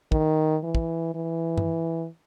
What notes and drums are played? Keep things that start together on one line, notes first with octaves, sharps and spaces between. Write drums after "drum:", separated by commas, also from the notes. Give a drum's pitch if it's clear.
D#3, drum: kick
E3
drum: kick
E3
drum: tom G2